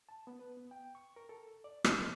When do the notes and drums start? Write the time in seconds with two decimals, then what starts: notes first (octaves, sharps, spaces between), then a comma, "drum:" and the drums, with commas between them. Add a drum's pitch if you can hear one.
0.09 A5
0.27 B3
0.39 B4
0.57 B3
0.71 G5
0.95 C#6
1.16 A#4
1.29 A4
1.64 D5
1.84 B2, drum: rim click
1.99 A4